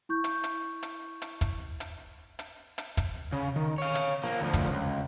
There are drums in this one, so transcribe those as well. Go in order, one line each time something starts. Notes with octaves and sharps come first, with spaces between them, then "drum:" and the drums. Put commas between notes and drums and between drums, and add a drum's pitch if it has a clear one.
E4 C#6 G6
drum: hi-hat
drum: hi-hat
drum: hi-hat
drum: hi-hat
drum: kick, hi-hat
drum: hi-hat
drum: hi-hat
drum: hi-hat
drum: kick, hi-hat
C#3
D#3
C#5 F5
drum: hi-hat
F3 A#3
D2 F3
drum: kick, hi-hat
C#2